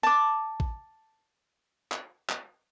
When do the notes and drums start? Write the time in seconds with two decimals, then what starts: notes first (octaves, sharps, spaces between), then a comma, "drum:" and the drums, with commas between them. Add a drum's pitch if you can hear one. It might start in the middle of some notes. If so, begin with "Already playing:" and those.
0.03 A5 D6
0.60 drum: kick A1
1.92 drum: clap
2.29 drum: clap